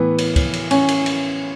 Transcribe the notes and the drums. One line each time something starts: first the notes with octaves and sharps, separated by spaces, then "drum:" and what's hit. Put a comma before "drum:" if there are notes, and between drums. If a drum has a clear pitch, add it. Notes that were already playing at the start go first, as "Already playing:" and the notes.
Already playing: A2 E3 B3
drum: cymbal
drum: kick, cymbal
drum: cymbal
C#4, drum: cymbal
drum: cymbal
drum: cymbal